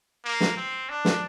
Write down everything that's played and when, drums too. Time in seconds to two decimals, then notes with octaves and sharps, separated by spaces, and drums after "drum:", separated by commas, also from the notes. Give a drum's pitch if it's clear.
0.25 A#3
0.40 drum: snare
0.57 C4
0.89 D4
1.05 drum: snare